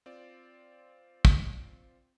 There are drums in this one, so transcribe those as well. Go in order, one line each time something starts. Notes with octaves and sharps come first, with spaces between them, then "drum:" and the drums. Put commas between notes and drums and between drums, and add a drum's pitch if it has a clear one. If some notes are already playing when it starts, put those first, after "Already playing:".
C4 F4 D5
drum: kick